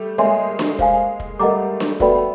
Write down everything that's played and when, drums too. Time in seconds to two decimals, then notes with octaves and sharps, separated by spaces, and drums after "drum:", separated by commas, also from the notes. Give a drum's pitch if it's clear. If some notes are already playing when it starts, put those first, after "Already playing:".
Already playing: G3 A3
0.18 G#3 A#3 C#5 E5 G#5 C6
0.59 drum: snare D4
0.79 C5 F5 G#5, drum: kick
1.20 drum: kick
1.39 G3 A3 A#4 D#5 F#5 A#5 D6
1.80 drum: snare D4
2.00 A3 B3 F#4 B4 D5 G5 B5, drum: kick